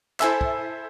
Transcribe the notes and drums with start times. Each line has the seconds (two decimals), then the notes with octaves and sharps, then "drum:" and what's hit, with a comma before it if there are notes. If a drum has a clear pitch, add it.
0.20 E4 A4 C5 E5 G#5 E6, drum: clap
0.41 drum: kick